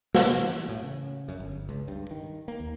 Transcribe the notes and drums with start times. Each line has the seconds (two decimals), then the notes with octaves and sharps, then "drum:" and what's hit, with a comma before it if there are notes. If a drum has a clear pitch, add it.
0.15 C3, drum: snare
0.37 E3
0.69 A2
0.83 C#3
1.28 F#2
1.40 G1
1.69 C#2
1.88 G2
2.11 D#3
2.48 A#3
2.60 D#2